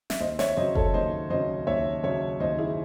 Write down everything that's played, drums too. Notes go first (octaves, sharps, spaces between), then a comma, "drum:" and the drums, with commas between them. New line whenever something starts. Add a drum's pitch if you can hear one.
E5, drum: snare
D#2 C5 D#5
C#5 E5, drum: snare
C#3 F#3 C5 D#5
A4 C#5, drum: kick F#1
D#2 C5 D#5
C#3 F#3 C5 D#5
D#2 C#5 E5
C#3 F#3 C#5 E5
D#2 C5 D#5
E4 G#4